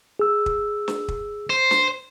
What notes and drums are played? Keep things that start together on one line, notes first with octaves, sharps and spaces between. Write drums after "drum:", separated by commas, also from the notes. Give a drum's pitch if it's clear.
G#4 E6
drum: kick
drum: snare
drum: kick
C5
drum: snare